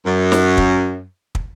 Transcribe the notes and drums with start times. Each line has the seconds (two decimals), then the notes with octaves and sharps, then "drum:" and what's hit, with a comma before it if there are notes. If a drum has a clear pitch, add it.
0.06 F#2
0.32 drum: snare
0.57 drum: kick
1.35 drum: kick